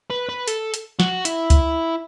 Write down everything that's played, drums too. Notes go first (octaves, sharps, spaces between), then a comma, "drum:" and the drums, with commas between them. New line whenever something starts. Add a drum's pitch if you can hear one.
B4
B4
A4, drum: hi-hat
drum: hi-hat
F#4, drum: snare
E4, drum: hi-hat
drum: kick C#2, hi-hat